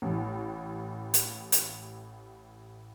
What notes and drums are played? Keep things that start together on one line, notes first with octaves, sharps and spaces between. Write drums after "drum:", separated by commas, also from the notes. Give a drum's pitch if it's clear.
A1 A2
drum: hi-hat
drum: hi-hat